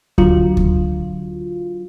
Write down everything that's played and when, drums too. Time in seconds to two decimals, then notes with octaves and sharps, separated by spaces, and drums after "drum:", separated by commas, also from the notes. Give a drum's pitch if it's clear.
0.18 D3 F#3 F4, drum: kick D2
0.57 drum: kick D2